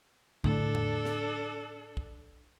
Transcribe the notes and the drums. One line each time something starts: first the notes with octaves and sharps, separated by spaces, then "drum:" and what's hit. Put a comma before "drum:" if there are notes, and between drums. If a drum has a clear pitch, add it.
A2 D3 D4 A4, drum: kick
drum: tom E2
drum: snare
drum: kick